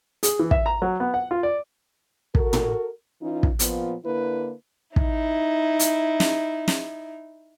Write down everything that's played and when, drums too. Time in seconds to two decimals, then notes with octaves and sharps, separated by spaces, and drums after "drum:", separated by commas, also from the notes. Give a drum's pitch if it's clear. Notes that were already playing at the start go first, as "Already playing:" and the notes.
0.23 G#4, drum: hi-hat
0.39 E3
0.51 E5, drum: kick
0.66 A#5
0.82 F#3
1.00 B3
1.14 F#5
1.31 F4
1.43 D5
2.35 F#4 A4 A#4, drum: kick
2.53 drum: tom
3.21 E3 C#4 D#4 F4
3.43 drum: kick
3.59 A#2 F3 B3 F4, drum: hi-hat
4.04 D3 A#3 E4 B4
4.96 D#4 E4, drum: kick
5.79 drum: hi-hat
6.20 drum: snare
6.68 drum: snare